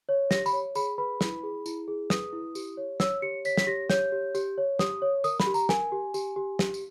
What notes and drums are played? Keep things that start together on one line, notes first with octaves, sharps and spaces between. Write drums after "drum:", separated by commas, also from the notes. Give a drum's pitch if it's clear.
C#5
G4 A#6, drum: snare
B5, drum: tambourine
C#5
G#4 B5, drum: tambourine
B4 B5
E4, drum: snare
G#4
E4, drum: tambourine
G#4
B4 D#6, drum: snare
E4
G4, drum: tambourine
C#5
C#5 E6, drum: snare
G4 C#7
C#5 B6, drum: tambourine
B6, drum: snare
G4 A#6
C#5 G6, drum: snare
G4
G4, drum: tambourine
C#5
G4 D#6, drum: snare
C#5
A#4 D#6, drum: tambourine
B5, drum: snare
G4
A#5, drum: tambourine
A#4 G#5, drum: snare
G4
G4, drum: tambourine
G4
G4, drum: snare
drum: tambourine